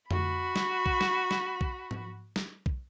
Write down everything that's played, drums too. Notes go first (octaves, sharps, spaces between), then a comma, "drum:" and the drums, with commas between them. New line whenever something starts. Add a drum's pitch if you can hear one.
F#4 B5, drum: tom F2
drum: snare
drum: kick B1
drum: snare
drum: snare
drum: kick B1
drum: tom G#2
drum: snare
drum: kick B1